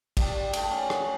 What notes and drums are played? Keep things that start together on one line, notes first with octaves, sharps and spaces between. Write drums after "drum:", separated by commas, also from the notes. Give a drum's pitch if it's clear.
G3, drum: kick, cymbal
G4
A3, drum: cymbal
C#4
F#4, drum: rim click